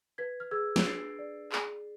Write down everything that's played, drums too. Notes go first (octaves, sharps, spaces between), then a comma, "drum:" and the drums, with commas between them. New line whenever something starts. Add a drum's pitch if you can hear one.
B4 G#6 B6
F6
G#4 E6 G#6
D7, drum: snare
D4 A6 C7
D5
G#4, drum: clap